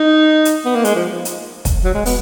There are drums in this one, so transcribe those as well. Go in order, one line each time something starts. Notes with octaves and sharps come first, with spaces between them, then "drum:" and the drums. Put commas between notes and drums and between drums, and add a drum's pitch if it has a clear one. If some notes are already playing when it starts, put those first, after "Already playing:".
Already playing: D#4
drum: hi-hat
B3
A#3
G#3, drum: hi-hat
F3
drum: hi-hat
drum: kick, hi-hat
F#3
G#3
B3, drum: open hi-hat